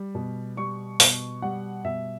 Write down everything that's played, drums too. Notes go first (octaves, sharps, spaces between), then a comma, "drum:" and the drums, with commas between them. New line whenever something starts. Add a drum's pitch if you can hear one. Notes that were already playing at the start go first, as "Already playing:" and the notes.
Already playing: G3
B2
G3 C#6
B2, drum: open hi-hat
G3 F#5
B2 E5